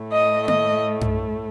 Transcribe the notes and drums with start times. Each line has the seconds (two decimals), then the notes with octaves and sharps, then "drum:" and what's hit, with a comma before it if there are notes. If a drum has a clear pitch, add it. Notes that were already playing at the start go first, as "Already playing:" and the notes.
Already playing: A2 A3
0.12 D#5
0.48 D#5, drum: tom A#3
1.01 drum: tom G2